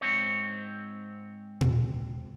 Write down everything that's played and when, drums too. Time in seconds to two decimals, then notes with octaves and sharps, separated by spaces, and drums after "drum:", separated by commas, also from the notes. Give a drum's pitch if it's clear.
0.01 G#2 C#3 C4 C#5
1.61 drum: tom A#2